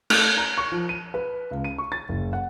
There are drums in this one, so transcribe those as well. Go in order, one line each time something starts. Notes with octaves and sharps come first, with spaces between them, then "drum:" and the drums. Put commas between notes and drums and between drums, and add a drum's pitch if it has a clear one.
A3, drum: cymbal
A#5
C#6
F3
D#7
B4
C#2
D#7
C#6
A6
F#1
F#5